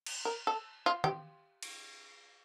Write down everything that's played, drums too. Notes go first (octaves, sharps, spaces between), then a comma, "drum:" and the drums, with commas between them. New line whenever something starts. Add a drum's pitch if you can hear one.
drum: cymbal
A#4
A4
F4
G4, drum: tom D#3
drum: cymbal